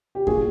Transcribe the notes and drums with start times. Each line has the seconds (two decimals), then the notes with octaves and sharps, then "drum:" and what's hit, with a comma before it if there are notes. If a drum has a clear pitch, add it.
0.15 G4
0.27 A#2 F#4 G#4, drum: kick F2